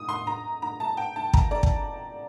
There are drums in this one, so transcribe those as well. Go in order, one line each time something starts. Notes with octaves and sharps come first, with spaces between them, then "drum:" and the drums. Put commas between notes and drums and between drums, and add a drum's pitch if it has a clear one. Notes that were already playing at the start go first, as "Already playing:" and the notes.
Already playing: D#6
C6
A#5
A#5
A5
G5
A5
A#5, drum: kick
D5
drum: kick